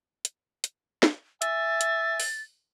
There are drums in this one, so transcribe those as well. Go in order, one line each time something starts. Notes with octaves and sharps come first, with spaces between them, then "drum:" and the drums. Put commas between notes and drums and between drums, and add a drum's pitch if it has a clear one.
drum: hi-hat
drum: hi-hat
drum: snare
E5 G#5 A6, drum: hi-hat
drum: hi-hat
drum: open hi-hat